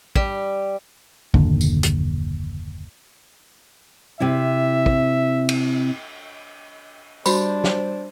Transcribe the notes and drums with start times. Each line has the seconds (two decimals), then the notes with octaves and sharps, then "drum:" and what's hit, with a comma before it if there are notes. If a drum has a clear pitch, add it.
0.15 G3, drum: kick
1.34 F#1 D#2 A#2 D3, drum: kick
1.61 drum: tambourine
1.83 drum: hi-hat
4.20 C3 C4 E4 E5
4.86 drum: kick
5.49 drum: cymbal
7.26 G3 D4 F#4 C5 B5, drum: tambourine
7.64 drum: snare